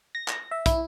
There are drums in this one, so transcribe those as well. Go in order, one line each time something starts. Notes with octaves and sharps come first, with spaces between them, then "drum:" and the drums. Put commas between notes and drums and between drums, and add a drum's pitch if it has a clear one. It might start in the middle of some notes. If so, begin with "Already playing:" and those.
A#6
drum: clap
E5
E4, drum: kick, hi-hat